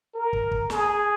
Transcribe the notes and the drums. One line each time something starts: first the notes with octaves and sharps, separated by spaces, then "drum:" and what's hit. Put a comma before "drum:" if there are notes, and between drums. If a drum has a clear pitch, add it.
A#4
drum: kick
drum: kick
G#4, drum: snare